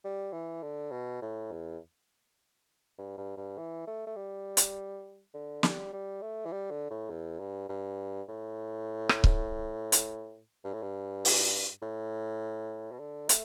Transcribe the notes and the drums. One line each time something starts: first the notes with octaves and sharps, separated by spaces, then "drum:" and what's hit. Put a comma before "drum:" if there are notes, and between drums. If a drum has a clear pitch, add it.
G3
E3
D3
B2
A2
E2
G2
G2
G2
E3
A3
A3
G3
drum: hi-hat
D3
G3, drum: snare
G3
A3
E3
G3
D3
A2
E2
G2
G2
A2
drum: rim click
drum: kick C#1
drum: hi-hat
G2
A2
G2
drum: open hi-hat
A2
B2
D3
A3, drum: hi-hat